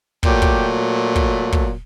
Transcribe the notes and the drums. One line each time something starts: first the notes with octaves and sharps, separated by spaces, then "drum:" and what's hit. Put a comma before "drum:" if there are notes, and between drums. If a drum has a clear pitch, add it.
A#2 F#3 A3 G4, drum: kick
drum: kick
drum: kick
drum: kick